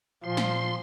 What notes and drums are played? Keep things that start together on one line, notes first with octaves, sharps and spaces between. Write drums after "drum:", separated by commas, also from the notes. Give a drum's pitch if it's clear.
A#2 F3 C6
drum: snare